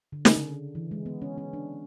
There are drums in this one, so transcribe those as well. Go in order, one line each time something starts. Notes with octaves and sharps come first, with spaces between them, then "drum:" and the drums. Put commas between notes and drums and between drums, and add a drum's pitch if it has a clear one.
D3
C#3, drum: snare
D3
E3
G#3
B3
C#4
C#4
D4